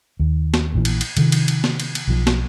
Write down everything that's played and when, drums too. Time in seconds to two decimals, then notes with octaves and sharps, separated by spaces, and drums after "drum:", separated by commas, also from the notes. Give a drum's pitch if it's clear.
0.20 D#2
0.54 drum: snare
0.74 A#1 A#2 C#3 E3
0.85 drum: cymbal
1.01 drum: cymbal
1.17 C3 D#3 F3, drum: cymbal
1.32 drum: cymbal
1.48 drum: cymbal
1.64 drum: snare
1.80 drum: cymbal
1.95 drum: cymbal
2.07 B1 F3
2.27 drum: snare